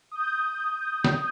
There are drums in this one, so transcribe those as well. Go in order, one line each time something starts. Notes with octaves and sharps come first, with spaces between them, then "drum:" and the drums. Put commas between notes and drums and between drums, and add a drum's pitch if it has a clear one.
D#6 G6
drum: snare